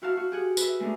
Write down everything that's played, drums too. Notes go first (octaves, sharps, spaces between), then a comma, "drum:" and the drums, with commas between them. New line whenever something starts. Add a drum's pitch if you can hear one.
E4 F#4 F5 F#5 A5
F#4 F5
G4 G#4 F#5
B4 E5, drum: tambourine
G#3 A3 D4 D#4